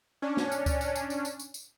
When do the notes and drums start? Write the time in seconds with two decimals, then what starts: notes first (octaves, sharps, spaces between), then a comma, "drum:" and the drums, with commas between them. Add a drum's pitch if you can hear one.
0.22 C#4 D4
0.37 drum: snare
0.52 drum: tambourine
0.66 drum: kick C#2, tambourine
0.81 drum: tambourine
0.96 drum: tambourine
1.10 drum: tambourine
1.25 drum: tambourine
1.40 drum: tambourine
1.54 drum: tambourine